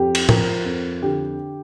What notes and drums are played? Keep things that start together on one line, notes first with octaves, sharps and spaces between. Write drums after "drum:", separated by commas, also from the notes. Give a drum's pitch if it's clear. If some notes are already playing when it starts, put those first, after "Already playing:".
Already playing: F2 G4
drum: cymbal
F3 A#4, drum: tom
F2
D3 G4